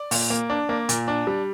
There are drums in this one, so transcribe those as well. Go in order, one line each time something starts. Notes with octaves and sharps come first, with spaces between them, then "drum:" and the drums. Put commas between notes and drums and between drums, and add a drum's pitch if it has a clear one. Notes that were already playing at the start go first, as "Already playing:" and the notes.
Already playing: D5
A#2, drum: open hi-hat
A#3
D4
A#3
A#2, drum: hi-hat
D4
G3